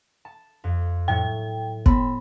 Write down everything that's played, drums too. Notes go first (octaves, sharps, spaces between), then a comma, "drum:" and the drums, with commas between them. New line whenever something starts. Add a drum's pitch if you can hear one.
A5
F2
A2 F#3 G5
B3 A5 B5, drum: kick